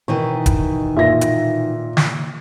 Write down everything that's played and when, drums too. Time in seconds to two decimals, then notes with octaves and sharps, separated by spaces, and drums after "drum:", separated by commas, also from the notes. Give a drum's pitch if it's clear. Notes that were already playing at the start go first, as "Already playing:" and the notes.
0.08 B2 D#3 E3 C#6
0.46 drum: kick, hi-hat
0.97 A#2 E5 A#6
1.21 drum: hi-hat
1.97 drum: snare